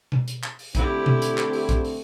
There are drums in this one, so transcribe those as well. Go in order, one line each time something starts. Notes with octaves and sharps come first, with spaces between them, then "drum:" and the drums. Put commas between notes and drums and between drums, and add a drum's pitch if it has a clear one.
drum: tom B2
drum: hi-hat
drum: clap
drum: open hi-hat
D3 A3 C4 E4 G4, drum: kick, hi-hat
drum: tom B2
drum: hi-hat
drum: clap
drum: open hi-hat
drum: kick, hi-hat
drum: open hi-hat